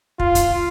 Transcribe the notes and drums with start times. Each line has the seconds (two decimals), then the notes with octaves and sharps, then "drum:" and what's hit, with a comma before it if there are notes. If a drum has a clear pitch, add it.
0.19 F4, drum: kick
0.35 drum: kick, hi-hat